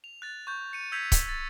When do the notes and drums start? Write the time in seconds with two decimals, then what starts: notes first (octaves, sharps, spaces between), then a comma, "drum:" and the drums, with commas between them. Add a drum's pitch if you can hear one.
0.04 F7
0.22 F#6 A6
0.47 C#6 G6
0.73 C#7 D#7
0.92 E6 G6 G#6 B6 C#7 F7
1.12 drum: kick C#1, hi-hat
1.29 A6